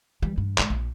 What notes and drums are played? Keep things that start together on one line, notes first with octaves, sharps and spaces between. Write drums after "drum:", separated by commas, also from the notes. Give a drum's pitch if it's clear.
E3 G3
G2
G#1 G#3, drum: clap
A#1